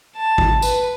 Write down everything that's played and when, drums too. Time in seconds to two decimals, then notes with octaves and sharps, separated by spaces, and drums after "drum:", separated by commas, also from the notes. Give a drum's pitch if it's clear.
0.16 A5
0.38 drum: kick
0.62 B4, drum: tambourine